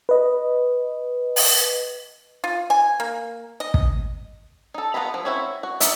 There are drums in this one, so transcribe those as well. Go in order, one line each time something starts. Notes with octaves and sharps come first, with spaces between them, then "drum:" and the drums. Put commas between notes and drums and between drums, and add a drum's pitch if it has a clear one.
B4 D#5
drum: open hi-hat
F4
G#5
A#3
D#5
drum: kick
D#4 A4
B3 F4 A4 A#5 B5
F3
C4 C#4 E4 F#4 E5
F#4
D#4 D5 E5, drum: hi-hat